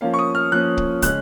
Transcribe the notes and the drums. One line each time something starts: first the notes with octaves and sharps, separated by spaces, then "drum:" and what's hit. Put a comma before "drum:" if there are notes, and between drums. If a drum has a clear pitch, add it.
F3 A#3 C#4 F5
C#6
D#6
F6
F3 A#3 C#4 F#6
drum: kick
C#3 G#3 C#4 F#6, drum: kick, hi-hat